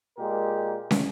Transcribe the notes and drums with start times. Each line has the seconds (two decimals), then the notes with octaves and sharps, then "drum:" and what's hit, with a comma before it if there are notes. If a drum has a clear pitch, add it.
0.18 A#2 G#3 G4 A#4
0.91 drum: snare